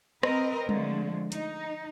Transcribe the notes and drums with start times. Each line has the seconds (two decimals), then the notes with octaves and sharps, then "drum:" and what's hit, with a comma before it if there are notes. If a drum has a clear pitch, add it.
0.23 C4 A#4 B4 D#5, drum: rim click
0.69 D3 F3 G#3 A3, drum: tom G3
1.32 D#4, drum: hi-hat